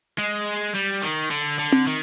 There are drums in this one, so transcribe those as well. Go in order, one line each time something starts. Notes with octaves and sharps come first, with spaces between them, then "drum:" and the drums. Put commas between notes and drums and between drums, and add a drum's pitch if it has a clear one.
G#3
G3
D#3
D3
D3
drum: tom C4
D#3